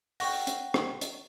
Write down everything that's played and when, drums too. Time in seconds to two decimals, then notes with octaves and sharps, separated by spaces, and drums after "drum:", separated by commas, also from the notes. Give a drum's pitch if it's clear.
0.20 F#5 G5 C#6 A#6, drum: open hi-hat
0.47 drum: hi-hat
0.74 drum: rim click
1.01 drum: hi-hat